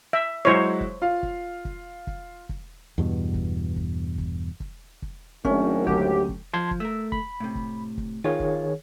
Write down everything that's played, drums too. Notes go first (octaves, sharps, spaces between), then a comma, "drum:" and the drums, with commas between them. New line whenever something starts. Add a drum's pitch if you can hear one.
E5
F#3 G#3 E4 C5 C#5
drum: kick
F4 F5
drum: kick
drum: kick
drum: kick
drum: kick
E2 G2 B2
drum: kick
drum: kick
drum: kick
drum: kick
drum: kick
G#1 F#2 A3 C#4 D4, drum: kick
D2 F#3 G4 F#5, drum: kick
drum: kick
F3 A5 C6 G#6
drum: kick
A3 A#4 E6
B5, drum: kick
A2 C3
drum: kick
drum: kick
D#3 F4 G#4 C#5
drum: kick